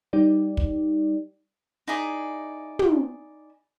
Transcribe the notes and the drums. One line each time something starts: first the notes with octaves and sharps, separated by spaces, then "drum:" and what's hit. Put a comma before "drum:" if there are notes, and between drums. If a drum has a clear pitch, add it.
G3 D#4 G4 D5
drum: kick
D#4 E4 G#4 D5
drum: tom